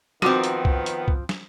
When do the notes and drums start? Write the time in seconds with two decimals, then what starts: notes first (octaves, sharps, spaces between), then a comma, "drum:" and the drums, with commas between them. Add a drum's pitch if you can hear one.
0.22 D#3 F3 B3 C4 F#4 D6, drum: snare
0.44 drum: hi-hat
0.65 drum: kick
0.86 drum: hi-hat
1.08 drum: kick
1.29 drum: snare